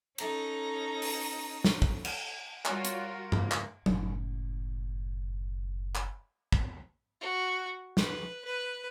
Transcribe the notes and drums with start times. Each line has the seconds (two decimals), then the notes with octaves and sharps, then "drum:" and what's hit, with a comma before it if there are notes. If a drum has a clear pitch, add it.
0.18 C#4 D#4 A4 A#5, drum: cymbal
1.02 drum: open hi-hat
1.64 drum: snare
1.82 drum: kick
2.05 drum: cymbal
2.66 G3 F4 F#4 A#4 C#5, drum: clap
2.85 drum: hi-hat
3.32 C#2 G#2 A#3 F4, drum: tom G2
3.51 drum: clap
3.86 F#1 A2, drum: tom F#3
5.95 drum: clap
6.52 drum: kick
7.21 F#4
7.97 B4, drum: snare
8.45 B4